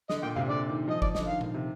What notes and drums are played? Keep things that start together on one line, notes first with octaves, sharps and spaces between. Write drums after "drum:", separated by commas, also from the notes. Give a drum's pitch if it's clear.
D3 D#5, drum: snare
A#2 G5
C3 F5, drum: tom G2
D3 D5
D#3
F3 D#5
D5, drum: kick
D#5, drum: snare
D3
D#3 F5
D#3, drum: tom A#2
C3